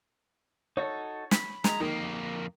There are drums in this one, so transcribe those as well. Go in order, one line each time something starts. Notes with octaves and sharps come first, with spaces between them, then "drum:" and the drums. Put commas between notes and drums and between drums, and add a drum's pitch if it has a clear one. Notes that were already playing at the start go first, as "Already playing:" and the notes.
D#4 F#4 A4 C#5
B5, drum: snare
G#3 A#5, drum: snare
F2 D#3 A#3